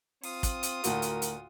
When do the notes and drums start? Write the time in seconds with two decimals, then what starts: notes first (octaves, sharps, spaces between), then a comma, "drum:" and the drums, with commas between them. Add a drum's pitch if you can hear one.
0.23 C4 F4 D#6, drum: open hi-hat
0.43 drum: kick, hi-hat
0.63 drum: hi-hat
0.84 D2 A2 F#4 A#4, drum: hi-hat
1.02 drum: hi-hat
1.22 drum: hi-hat